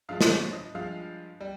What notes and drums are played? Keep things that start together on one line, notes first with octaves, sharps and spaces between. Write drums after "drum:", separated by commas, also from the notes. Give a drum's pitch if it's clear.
G2 F3 G#3 F5
C5, drum: snare
C#5
D#5
G2 F3 G#3 F5
G3